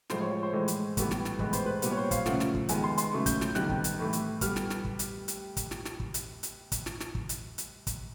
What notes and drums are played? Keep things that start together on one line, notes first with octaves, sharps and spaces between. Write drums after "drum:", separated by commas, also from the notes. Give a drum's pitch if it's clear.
A2 F3 G#3 C5, drum: snare
C#5
C#5
C5
A2 E3 G#3
drum: hi-hat
A2 E3 G3 B3, drum: kick, hi-hat
drum: snare
drum: snare
A2 E3 G#3 B3 B4, drum: kick
C5, drum: hi-hat
B4
A#2 G3 B3 B4, drum: hi-hat
C#5
C5
F5, drum: kick, hi-hat
C#3 F3 A3 F#5, drum: snare
drum: snare
drum: kick
D#3 G#3 B3 G#5, drum: hi-hat
C6
C6, drum: hi-hat
C#3 F#3 A3 C#6
G6, drum: kick, hi-hat
G6, drum: snare
C3 D#3 G3 B3 F#6, drum: snare
drum: kick
drum: hi-hat
A2 E3 A3
drum: hi-hat
G3 B3 F6, drum: kick, hi-hat
drum: snare
drum: snare
drum: kick
drum: hi-hat
drum: hi-hat
drum: kick, hi-hat
drum: snare
drum: snare
drum: kick
drum: hi-hat
drum: hi-hat
drum: kick, hi-hat
drum: snare
drum: snare
drum: kick
drum: hi-hat
drum: hi-hat
drum: kick, hi-hat